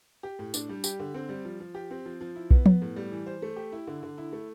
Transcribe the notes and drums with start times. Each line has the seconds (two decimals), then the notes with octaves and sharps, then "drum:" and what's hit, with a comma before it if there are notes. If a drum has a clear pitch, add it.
0.23 G4
0.39 A2
0.54 D4, drum: tambourine
0.69 G3
0.84 G4, drum: tambourine
0.99 D3
1.14 C4
1.29 G3
1.45 F3
1.60 F3
1.75 G4
1.91 C4
2.05 F3
2.21 F3
2.36 E4
2.51 B3, drum: kick B1
2.66 B3, drum: tom F3
2.82 A2
2.96 G3
3.12 E3
3.26 C5
3.42 A3
3.56 G4
3.72 E4
3.87 D3
4.03 D3
4.18 E4
4.32 A3